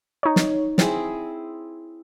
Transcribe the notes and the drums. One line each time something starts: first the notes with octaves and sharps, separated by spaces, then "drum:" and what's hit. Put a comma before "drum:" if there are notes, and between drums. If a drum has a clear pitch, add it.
D#4 C#5
drum: snare
C4 E4 G#4, drum: snare